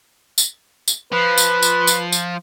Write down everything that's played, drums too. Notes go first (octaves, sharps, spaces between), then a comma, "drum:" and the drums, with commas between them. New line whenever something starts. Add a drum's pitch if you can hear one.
drum: tambourine
drum: tambourine
F3 B4
drum: tambourine
drum: tambourine
drum: tambourine
drum: tambourine